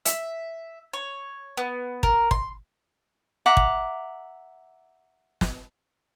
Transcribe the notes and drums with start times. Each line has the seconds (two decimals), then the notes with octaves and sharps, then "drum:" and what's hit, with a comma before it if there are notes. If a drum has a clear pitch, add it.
0.05 E5, drum: hi-hat
0.93 C#5
1.57 B3
2.03 A#4, drum: kick
2.31 C6, drum: kick
3.46 E5 F#5 A#5 D6
3.57 drum: kick
5.41 drum: snare